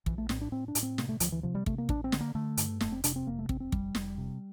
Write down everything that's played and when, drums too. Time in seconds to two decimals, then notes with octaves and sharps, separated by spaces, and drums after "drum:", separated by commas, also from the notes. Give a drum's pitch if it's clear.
0.06 A#1 E3, drum: kick
0.18 A3
0.29 A2 C4, drum: snare
0.41 D4
0.52 A2 C4
0.68 D4
0.75 A2, drum: hi-hat
0.83 C4
0.98 C3 A#3, drum: snare
1.09 A3
1.20 D2 F3, drum: hi-hat
1.32 E3
1.43 C3 F3
1.55 G3
1.66 C3 A3, drum: kick
1.78 A#3
1.89 A1 D4, drum: kick
2.04 C4
2.12 D3, drum: snare
2.21 A#3
2.35 D3 A3
2.57 G2, drum: hi-hat
2.81 F1 A3, drum: snare
2.92 C4
3.04 C3 D4, drum: hi-hat
3.16 C4
3.27 F1 A#3
3.39 A3
3.49 F1 C4, drum: kick
3.60 C4
3.72 F1 G3, drum: kick
3.95 F1, drum: snare
4.18 C3